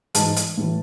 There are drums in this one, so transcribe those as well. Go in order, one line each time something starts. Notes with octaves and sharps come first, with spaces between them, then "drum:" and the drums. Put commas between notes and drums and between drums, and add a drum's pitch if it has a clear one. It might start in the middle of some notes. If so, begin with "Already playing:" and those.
G#2 E3 A5, drum: hi-hat
drum: hi-hat
A2 E3